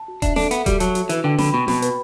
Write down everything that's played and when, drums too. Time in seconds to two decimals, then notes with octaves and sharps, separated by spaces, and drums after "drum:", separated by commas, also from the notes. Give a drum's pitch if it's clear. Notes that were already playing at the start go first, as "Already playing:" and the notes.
Already playing: A5
0.08 F#4
0.22 D4 E5, drum: kick D#1, hi-hat
0.36 D4 A4, drum: snare
0.51 B3 E5, drum: hi-hat
0.66 G3 F#4, drum: kick D#1, hi-hat
0.80 F#3 A5, drum: hi-hat
0.95 F#4, drum: hi-hat
1.09 E3 B4, drum: hi-hat
1.24 D3 G5
1.38 D3 B5, drum: snare
1.53 B2 B5
1.68 B2 B5, drum: snare
1.82 B4, drum: hi-hat